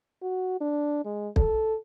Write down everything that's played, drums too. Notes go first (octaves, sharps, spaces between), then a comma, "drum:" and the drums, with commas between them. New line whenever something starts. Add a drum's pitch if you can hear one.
F#4
D4
G#3
A4, drum: kick